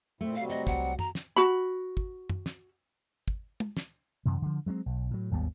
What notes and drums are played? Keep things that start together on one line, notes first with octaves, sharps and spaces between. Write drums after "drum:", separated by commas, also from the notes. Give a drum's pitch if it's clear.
A#2 A3 C4 E4
C3 F#3 G3 F5
F#4 D#5
C2 F#5, drum: kick
A#5, drum: tom F#2
drum: snare
F#4 B5
drum: kick
drum: tom F#2
drum: snare
drum: kick
drum: tom
drum: snare
F#2 C3 E3
D3 F3
F#3 G#3 A3 C4
B1
A2 F#3
G#1 D#2 G3 B3